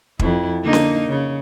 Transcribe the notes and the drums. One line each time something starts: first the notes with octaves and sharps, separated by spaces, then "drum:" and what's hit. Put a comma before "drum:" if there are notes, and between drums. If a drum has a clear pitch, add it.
F2 E4, drum: kick
D3 A#3 D#4
drum: snare C#4
C#3